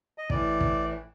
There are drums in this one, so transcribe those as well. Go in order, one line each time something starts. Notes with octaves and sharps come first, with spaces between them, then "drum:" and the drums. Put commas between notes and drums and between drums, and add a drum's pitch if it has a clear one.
D#5
A2 E3 D5, drum: kick
drum: kick